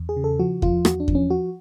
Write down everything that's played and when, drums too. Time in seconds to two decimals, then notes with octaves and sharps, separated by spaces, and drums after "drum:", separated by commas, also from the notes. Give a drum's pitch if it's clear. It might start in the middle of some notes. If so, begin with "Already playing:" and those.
Already playing: E2
0.09 G#4
0.17 C#3
0.24 A4
0.39 F3 F#4
0.62 F3 F4, drum: kick E2
0.85 E2 F#4, drum: rim click
1.00 D4
1.08 F3, drum: kick E2
1.15 C#4
1.30 F3 F#4